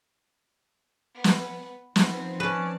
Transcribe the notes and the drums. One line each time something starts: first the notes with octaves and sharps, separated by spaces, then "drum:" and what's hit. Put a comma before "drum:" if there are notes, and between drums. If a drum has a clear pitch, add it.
B3 B4
drum: snare
D#3 F3 B3 C4, drum: snare
C#4 B4 D5 A5